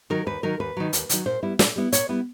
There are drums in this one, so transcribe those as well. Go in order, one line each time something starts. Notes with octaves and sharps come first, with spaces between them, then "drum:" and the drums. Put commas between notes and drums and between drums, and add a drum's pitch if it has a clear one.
D#3 F#3 A#4
D#2 B4
D#3 F#3 A#4
D#2 B4
D#3 F#3
D#2, drum: hi-hat
D#3 F#3, drum: hi-hat
A#2 C5
G3 B3 E4
A#2, drum: snare
G3 B3 E4
A#2 C#5, drum: hi-hat
G3 B3 E4